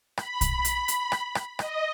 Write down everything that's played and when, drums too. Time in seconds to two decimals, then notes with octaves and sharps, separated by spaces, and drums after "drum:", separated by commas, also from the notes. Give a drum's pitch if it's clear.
0.17 B5, drum: rim click
0.41 drum: kick, hi-hat
0.65 drum: hi-hat
0.88 drum: hi-hat
1.12 drum: rim click
1.35 drum: rim click
1.59 D#5, drum: rim click